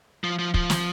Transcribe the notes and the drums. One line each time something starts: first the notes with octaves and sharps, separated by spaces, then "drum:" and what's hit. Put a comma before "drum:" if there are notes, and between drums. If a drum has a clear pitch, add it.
F3
F3
F3, drum: kick
drum: snare